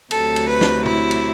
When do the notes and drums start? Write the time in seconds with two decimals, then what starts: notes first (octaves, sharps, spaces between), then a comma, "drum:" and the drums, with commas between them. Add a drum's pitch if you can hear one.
0.11 D2 C3 F#3 A4, drum: cymbal
0.36 drum: cymbal
0.48 B4
0.61 drum: snare
0.86 E4, drum: tom B2
1.11 drum: cymbal